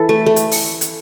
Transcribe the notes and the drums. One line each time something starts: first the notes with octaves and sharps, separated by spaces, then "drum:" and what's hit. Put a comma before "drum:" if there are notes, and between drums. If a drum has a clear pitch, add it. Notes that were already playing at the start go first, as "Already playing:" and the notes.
Already playing: E3 E4 A4
A3
A3
drum: hi-hat
drum: open hi-hat
drum: hi-hat